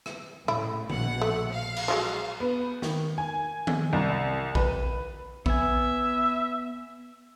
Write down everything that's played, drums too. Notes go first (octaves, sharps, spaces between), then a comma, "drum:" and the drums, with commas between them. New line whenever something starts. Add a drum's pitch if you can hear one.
drum: rim click
A2 C#3 E4
A#1 B2 F#5, drum: tom D3
A3
F5
drum: cymbal
F3 F#3 G#3
B3
D#3, drum: snare
G#5
drum: tom D#3
C2
B4, drum: kick A#1
B3 E5 G#5, drum: kick A#1